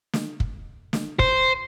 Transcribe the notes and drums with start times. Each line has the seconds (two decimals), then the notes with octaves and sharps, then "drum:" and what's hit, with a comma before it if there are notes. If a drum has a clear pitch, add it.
0.13 drum: snare
0.40 drum: kick
0.93 drum: snare
1.19 C5, drum: kick